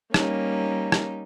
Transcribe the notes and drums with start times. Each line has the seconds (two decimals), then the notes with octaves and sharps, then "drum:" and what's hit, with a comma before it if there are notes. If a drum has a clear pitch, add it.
0.14 G3 A#3 C#4 D#4, drum: rim click
0.92 drum: rim click